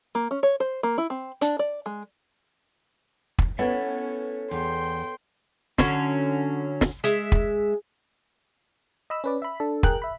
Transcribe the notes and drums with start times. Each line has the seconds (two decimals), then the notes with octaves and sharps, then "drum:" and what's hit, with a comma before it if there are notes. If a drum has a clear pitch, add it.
0.15 A#3
0.31 C#4
0.43 C#5
0.60 C5
0.83 A#3
0.98 E4
1.10 C4
1.41 D4, drum: hi-hat
1.59 D5
1.86 G#3
3.39 drum: kick
3.59 B3 C#4 A4 C#5 E5
4.51 E2 G5 C6
5.78 D3 F#3 C#4, drum: snare
6.81 drum: snare
7.04 G#3 E5, drum: hi-hat
7.32 drum: kick
9.10 D#5 B5 E6
9.24 C#4 B4 D5
9.42 E5 B5
9.60 D4 A4
9.83 G#4 A#4 G5 F#6, drum: kick
10.02 E5 B5